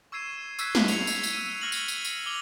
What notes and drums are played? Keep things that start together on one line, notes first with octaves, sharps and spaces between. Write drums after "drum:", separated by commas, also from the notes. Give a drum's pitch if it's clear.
C#6 E6 G#6 C7 D#7 E7
C#6 E6 F#6 G#6 B6 C7, drum: tambourine
drum: snare
C#7 F7, drum: tambourine
drum: tambourine
drum: tambourine
E6 D#7
C#6 E6 F6 A#6 C#7 F#7
drum: tambourine
drum: tambourine
drum: tambourine
D6 F7 G7